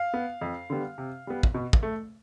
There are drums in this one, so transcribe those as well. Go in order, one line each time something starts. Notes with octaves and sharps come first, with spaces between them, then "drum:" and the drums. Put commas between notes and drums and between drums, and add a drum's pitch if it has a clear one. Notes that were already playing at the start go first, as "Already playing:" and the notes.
Already playing: F5
B3
F2
D3 G3 B3
C3
G3 B3
drum: kick
B2
drum: kick
A3